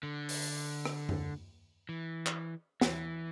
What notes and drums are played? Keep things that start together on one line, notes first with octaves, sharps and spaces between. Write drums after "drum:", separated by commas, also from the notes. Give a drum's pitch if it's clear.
D3
drum: open hi-hat
drum: rim click
drum: tom F#2
E3
drum: clap
E3, drum: snare